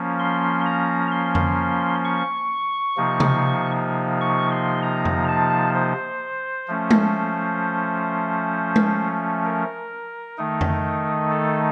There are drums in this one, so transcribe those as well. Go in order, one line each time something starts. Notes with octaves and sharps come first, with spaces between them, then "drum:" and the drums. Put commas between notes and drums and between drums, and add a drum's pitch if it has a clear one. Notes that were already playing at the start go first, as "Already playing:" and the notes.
Already playing: F3 A#3 C#4
C6
A#5
C6
drum: tom F2
C#6
C3 F3 A#3 D#4
drum: tom C3
C#6
C6
A#5
drum: tom F2
A5
C5
F3 A3 C#4
drum: tom G#3
drum: tom G#3
A#4
D#3 A3 D#4
drum: tom F2
A4